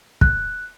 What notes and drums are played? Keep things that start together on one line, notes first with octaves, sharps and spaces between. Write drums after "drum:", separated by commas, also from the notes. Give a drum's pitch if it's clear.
F#6, drum: kick